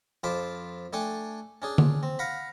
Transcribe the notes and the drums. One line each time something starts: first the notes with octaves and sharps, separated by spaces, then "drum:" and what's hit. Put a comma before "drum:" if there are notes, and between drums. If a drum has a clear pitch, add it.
F2 F4 C5 A5 B5 D6
A3 D4 A4 G5 G#5
C#4 D4 G#4
drum: tom D3
C4
F5 F#5 A#5 B5